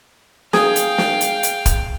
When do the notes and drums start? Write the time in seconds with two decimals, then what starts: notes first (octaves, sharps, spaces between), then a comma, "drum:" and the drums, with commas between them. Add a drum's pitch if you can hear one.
0.53 G#4 F5 G5, drum: snare
0.76 drum: hi-hat
0.98 drum: snare
1.21 drum: hi-hat
1.43 drum: hi-hat
1.66 drum: kick, hi-hat